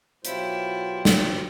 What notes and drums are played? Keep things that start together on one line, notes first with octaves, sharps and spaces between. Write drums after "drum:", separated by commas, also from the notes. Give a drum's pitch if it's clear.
B2 F#3 E4 F4 G4 C5, drum: hi-hat
drum: snare